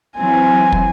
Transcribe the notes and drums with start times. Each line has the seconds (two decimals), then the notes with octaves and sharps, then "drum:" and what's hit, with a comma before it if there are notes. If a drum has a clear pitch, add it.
0.17 E3 F#3 C4 G#5
0.72 drum: kick